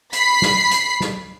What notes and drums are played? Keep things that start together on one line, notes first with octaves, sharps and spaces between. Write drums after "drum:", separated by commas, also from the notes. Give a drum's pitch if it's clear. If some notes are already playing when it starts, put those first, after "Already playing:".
B5 B6 C7, drum: hi-hat
drum: snare
drum: hi-hat
drum: snare